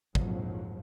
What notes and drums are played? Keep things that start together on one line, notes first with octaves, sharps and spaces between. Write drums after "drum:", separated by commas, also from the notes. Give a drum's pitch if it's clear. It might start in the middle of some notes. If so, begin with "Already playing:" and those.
A#1 F2 G#2 F3 F#3, drum: kick